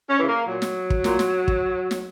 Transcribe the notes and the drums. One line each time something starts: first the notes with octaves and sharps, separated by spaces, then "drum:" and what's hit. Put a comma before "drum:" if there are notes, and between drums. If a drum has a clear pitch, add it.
C#4
C#3 E3
A#3
A#2 F#3
drum: snare
drum: kick
A#2, drum: snare
drum: snare
drum: kick
drum: snare